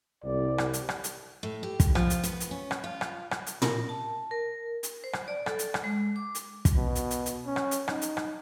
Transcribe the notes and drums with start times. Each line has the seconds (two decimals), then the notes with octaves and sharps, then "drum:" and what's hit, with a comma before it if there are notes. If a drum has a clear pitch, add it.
0.24 C2 D5
0.58 drum: rim click
0.73 drum: hi-hat
0.89 drum: rim click
1.04 drum: hi-hat
1.43 A2
1.63 G4
1.80 drum: kick, hi-hat
1.95 F3, drum: rim click
2.10 drum: hi-hat
2.23 B3, drum: hi-hat
2.40 drum: hi-hat
2.51 C#4
2.71 drum: rim click
2.84 F4
3.01 drum: rim click
3.31 drum: rim click
3.46 drum: hi-hat
3.62 A#4, drum: tom
3.89 A5
4.31 A#4
4.83 drum: hi-hat
5.04 C5
5.13 drum: rim click
5.28 D5
5.46 A4, drum: rim click
5.59 drum: hi-hat
5.74 drum: rim click
5.84 G#3
6.16 D6
6.35 drum: hi-hat
6.65 drum: kick, hi-hat
6.77 B2
6.95 drum: hi-hat
7.11 drum: hi-hat
7.26 drum: hi-hat
7.46 C#4
7.56 drum: rim click
7.71 drum: hi-hat
7.88 D#4, drum: rim click
8.02 drum: hi-hat
8.17 drum: rim click